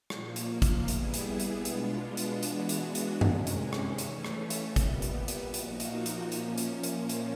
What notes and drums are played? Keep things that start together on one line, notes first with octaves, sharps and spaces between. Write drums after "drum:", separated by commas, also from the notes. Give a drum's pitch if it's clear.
A#2 F3 A#3, drum: rim click
drum: hi-hat
drum: kick, hi-hat
G3 B3 E4 G#4, drum: hi-hat
drum: hi-hat
drum: hi-hat
B2 G#3 B3 D4 F4, drum: hi-hat
drum: hi-hat
E3 G#3 B3 D4 F#4, drum: hi-hat
drum: hi-hat
drum: hi-hat
C3 D#3 G#3 C#4, drum: tom F#2
drum: hi-hat
drum: rim click
E3 A3 C#4, drum: hi-hat
drum: rim click
drum: hi-hat
A#2 G3 B3, drum: kick, hi-hat
drum: hi-hat
drum: hi-hat
A#2 F3 A#3 D#4 F#4, drum: hi-hat
drum: hi-hat
drum: hi-hat
A#2 F3 A#3 C#4, drum: hi-hat
drum: hi-hat
drum: hi-hat
drum: hi-hat